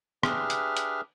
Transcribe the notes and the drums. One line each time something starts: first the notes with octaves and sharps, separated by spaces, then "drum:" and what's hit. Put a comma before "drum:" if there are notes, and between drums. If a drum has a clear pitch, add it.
D4 G4 G#4 B4 E5 F6, drum: rim click
drum: hi-hat
drum: hi-hat